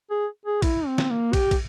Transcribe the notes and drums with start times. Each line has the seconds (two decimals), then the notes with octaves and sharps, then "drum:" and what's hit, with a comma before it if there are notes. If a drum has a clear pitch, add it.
0.10 G#4
0.45 G#4
0.62 E4, drum: kick, cymbal
0.87 C4
0.98 drum: snare
1.10 A#3
1.33 G4, drum: kick, cymbal
1.51 drum: kick, cymbal